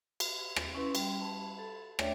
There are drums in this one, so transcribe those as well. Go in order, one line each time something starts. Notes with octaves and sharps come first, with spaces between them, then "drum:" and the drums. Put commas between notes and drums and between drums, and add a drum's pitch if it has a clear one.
drum: cymbal
drum: rim click
C#4 E4 B4 C6
G3 G5, drum: cymbal
A5 B5
A4
A3 D4 C#5 D5 E5 G5, drum: rim click